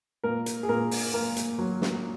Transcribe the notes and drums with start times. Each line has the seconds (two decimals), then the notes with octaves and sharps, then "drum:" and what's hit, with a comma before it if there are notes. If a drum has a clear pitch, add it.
0.24 A#2 A#4
0.46 drum: hi-hat
0.63 G#4
0.69 A#2 A#4
0.91 drum: open hi-hat
1.14 A#3 A#4
1.37 drum: hi-hat
1.58 F#3
1.82 drum: snare